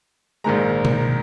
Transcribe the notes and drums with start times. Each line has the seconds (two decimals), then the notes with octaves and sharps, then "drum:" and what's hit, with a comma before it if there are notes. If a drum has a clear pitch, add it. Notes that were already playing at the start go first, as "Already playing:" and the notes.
0.44 A#1 G#2 D#3 G#3 A#5
0.85 drum: tom B2